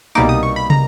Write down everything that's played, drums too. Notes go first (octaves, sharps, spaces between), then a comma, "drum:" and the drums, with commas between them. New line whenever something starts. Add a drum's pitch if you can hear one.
C2 B2 G3 A#3 D#4 D6, drum: tambourine
D#6
C#6
B5
A#5, drum: tom